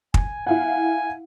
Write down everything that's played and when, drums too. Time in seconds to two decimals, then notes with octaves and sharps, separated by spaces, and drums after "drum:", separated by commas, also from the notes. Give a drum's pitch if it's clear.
0.14 G#5, drum: kick
0.46 E4 F5 F#5 G#5